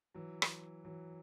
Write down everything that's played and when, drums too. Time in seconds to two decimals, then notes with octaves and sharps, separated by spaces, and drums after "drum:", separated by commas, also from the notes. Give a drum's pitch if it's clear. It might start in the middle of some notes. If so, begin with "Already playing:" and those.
0.14 E3 F#3
0.42 drum: rim click
0.85 E3 F#3